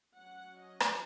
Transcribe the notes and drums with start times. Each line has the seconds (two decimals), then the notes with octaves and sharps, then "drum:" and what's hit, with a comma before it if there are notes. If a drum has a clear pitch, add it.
0.17 F#3 C#4 F#5
0.57 D#5
0.80 drum: rim click